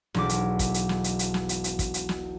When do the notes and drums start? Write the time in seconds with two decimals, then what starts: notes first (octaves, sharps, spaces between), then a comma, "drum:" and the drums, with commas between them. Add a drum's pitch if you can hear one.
0.14 E1 B1 D6, drum: snare
0.29 drum: hi-hat
0.59 drum: kick, hi-hat
0.74 drum: hi-hat
0.89 drum: snare
1.04 drum: hi-hat
1.19 drum: hi-hat
1.34 drum: snare
1.49 drum: hi-hat
1.64 drum: hi-hat
1.79 drum: kick, hi-hat
1.94 drum: hi-hat
2.09 drum: snare